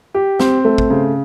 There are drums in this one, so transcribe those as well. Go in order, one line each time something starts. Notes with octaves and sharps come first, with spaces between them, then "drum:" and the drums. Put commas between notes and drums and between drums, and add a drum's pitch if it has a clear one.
G4
C4, drum: snare
A3
drum: kick
C#3